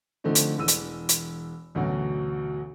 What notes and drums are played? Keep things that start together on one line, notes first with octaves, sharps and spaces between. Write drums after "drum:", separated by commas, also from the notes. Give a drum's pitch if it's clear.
D3 F3 A3 C4 D#4
drum: hi-hat
E1 E3 E6 D#7
drum: hi-hat
drum: hi-hat
A1 D2 B2 F#3